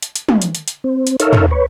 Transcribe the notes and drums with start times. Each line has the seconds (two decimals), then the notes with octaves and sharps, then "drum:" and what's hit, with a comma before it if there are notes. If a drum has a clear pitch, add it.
0.03 drum: hi-hat
0.16 drum: hi-hat
0.29 drum: tom
0.42 drum: hi-hat
0.55 drum: hi-hat
0.68 drum: hi-hat
0.84 C4
1.07 drum: hi-hat
1.20 D#4 A4 A#4 C#5 E5 F5, drum: hi-hat
1.33 drum: tom
1.51 B4 C#5